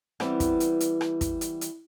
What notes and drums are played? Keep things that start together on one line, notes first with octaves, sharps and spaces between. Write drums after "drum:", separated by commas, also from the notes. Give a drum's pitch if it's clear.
E3 G3 B3 C4, drum: rim click
drum: kick, hi-hat
drum: hi-hat
drum: hi-hat
drum: rim click
drum: kick, hi-hat
drum: hi-hat
drum: hi-hat